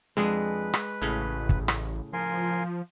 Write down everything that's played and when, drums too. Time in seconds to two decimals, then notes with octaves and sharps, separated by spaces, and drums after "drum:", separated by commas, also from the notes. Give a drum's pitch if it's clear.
0.17 F2 G#3 D4 G#4 B4
0.74 drum: rim click
1.02 A1 A2 C#3 C#4
1.49 drum: kick
1.68 drum: rim click
2.13 F3 A#4 G#5 C6